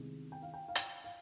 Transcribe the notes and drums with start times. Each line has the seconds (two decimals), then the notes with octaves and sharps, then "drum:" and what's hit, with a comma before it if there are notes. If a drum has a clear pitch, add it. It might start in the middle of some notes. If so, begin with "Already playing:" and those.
Already playing: C2 C3 D#3 G#3 B3
0.32 G5
0.42 F5
0.54 G5
0.68 F5
0.75 G5, drum: hi-hat
1.04 F5